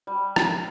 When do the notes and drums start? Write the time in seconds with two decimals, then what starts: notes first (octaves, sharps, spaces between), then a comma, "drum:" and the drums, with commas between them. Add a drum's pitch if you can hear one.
0.07 G3
0.36 drum: rim click